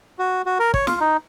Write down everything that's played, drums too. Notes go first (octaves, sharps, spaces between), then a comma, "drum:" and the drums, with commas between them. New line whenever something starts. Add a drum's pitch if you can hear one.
F#4
F#4
A#4
C#5, drum: kick
F4, drum: snare
D#4